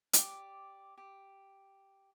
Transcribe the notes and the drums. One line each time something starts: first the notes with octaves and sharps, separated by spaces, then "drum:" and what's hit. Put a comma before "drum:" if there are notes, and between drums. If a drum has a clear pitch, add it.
G4 D5, drum: hi-hat
G4